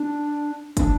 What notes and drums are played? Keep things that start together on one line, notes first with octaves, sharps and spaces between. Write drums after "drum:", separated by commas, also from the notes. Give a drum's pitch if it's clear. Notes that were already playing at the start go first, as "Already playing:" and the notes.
Already playing: D4
D4, drum: kick, hi-hat